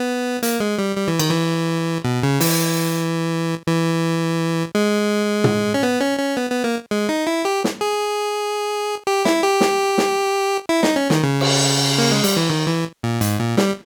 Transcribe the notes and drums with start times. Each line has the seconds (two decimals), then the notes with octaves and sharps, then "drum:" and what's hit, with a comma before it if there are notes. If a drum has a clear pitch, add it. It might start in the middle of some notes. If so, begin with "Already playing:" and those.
Already playing: B3
0.43 A#3, drum: hi-hat
0.60 G#3
0.78 G3
0.97 G3
1.08 E3
1.20 D#3, drum: cymbal
1.30 E3
2.05 B2
2.23 C#3
2.41 E3, drum: open hi-hat
3.66 E3
4.75 G#3
5.44 drum: tom
5.74 C#4
5.83 B3
6.01 C#4
6.19 C#4
6.37 B3
6.50 B3
6.64 A#3
6.91 G#3
7.09 D#4
7.27 E4
7.45 G4
7.64 drum: snare
7.81 G#4
9.07 G4
9.25 E4, drum: snare
9.43 G4
9.61 drum: snare
9.98 drum: snare
10.69 E4
10.83 D#4, drum: snare
10.96 C#4
11.10 D#3, drum: snare
11.23 C#3
11.41 drum: cymbal
11.98 A#3
12.11 G#3
12.24 G3, drum: hi-hat
12.37 E3
12.50 D#3
12.68 E3
13.03 A#2
13.21 G#2, drum: hi-hat
13.39 A#2
13.57 G3, drum: snare